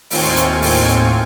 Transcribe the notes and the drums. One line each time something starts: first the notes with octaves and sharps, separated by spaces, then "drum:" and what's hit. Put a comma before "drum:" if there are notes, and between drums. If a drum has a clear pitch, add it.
D#2 A2 C4 F4 G#5 C#6, drum: open hi-hat
drum: hi-hat
drum: open hi-hat